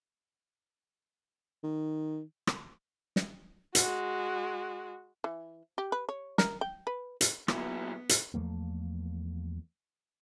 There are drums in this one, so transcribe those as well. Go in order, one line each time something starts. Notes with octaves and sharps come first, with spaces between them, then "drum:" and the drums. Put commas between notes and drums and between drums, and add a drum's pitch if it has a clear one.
D#3
drum: rim click
drum: snare
G#3 F#4, drum: hi-hat
E3
G4
B4
C#5
A#4, drum: snare
G5
B4
drum: hi-hat
A#2 F#3 B3 E4, drum: rim click
drum: hi-hat
E2 F3 A3 A#3